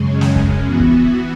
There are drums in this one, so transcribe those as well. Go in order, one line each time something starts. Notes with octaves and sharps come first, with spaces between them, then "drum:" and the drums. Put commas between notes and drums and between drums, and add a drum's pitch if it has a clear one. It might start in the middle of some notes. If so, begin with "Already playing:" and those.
Already playing: F#2 C#3 G#3 C#4
drum: snare
drum: kick
E3 B3 F#4
drum: kick